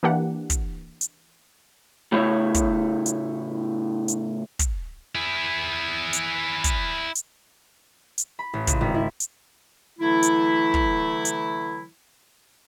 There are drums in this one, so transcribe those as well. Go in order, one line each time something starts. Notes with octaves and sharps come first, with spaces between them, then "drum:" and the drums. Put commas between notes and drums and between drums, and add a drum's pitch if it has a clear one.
E3 A#3 D4 G4 F#5
drum: kick, hi-hat
drum: hi-hat
A2 C#3 A3 E4 C#5
drum: kick, hi-hat
drum: hi-hat
drum: hi-hat
drum: kick, hi-hat
E4 G#4
drum: hi-hat
drum: kick, hi-hat
drum: hi-hat
drum: hi-hat
B5
A1
C#2, drum: kick, hi-hat
G#1
E4
drum: hi-hat
D3 E3 F#3 A3 E4
drum: hi-hat
drum: kick
drum: hi-hat